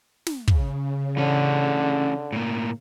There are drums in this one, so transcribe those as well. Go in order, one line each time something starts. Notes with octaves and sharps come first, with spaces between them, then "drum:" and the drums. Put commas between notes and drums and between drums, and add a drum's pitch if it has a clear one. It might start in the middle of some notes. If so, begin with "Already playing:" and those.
drum: snare
C#3, drum: kick
D3 E3 C#4
A2 A#3